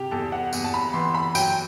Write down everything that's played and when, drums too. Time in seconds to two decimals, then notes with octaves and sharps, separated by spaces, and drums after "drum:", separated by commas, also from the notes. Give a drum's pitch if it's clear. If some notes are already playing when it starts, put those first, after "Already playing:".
Already playing: C3 G4
0.11 E2 A4
0.32 F#5
0.53 E2, drum: tambourine
0.64 A5
0.74 B5
0.93 E3 C6
1.14 B5
1.35 F#3 G5, drum: tambourine